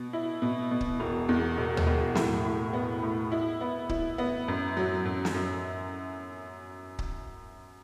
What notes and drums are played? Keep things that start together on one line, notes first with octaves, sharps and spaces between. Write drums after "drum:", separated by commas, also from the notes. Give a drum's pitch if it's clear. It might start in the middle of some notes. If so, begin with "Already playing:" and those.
Already playing: B2
E4
B2
B2
drum: kick C#1
E1
E2
E1
drum: tom D#2
E1
A2, drum: snare
A2
B3
A2
E4
B3
E4, drum: kick C#1
B3
F#2
F#3
F#2
drum: snare
F#2
drum: kick C#1